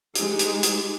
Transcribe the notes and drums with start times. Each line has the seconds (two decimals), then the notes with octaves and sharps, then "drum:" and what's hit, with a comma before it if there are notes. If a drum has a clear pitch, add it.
0.15 G#3 D#4 G4, drum: hi-hat
0.39 drum: hi-hat
0.63 drum: hi-hat